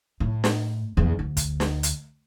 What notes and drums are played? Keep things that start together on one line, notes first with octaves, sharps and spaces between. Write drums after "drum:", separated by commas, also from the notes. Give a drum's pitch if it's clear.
A2
drum: snare
A#1 E2
D2
drum: kick, hi-hat
drum: snare
drum: hi-hat